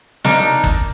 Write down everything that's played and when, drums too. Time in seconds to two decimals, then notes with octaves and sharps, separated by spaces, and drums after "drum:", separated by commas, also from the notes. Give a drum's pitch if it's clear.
0.25 D4 D#4 A#4, drum: snare
0.64 drum: kick